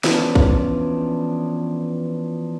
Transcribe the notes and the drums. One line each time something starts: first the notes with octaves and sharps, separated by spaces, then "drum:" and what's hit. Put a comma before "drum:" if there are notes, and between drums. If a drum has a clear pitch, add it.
E3 F3 B3 C#4 D4, drum: snare
drum: kick